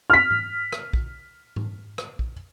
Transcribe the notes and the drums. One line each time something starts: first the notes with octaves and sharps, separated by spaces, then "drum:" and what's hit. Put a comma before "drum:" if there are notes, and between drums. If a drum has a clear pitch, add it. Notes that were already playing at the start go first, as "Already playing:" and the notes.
F6 B6
drum: tom G#2
drum: rim click
drum: kick
drum: tom G#2
drum: rim click
drum: kick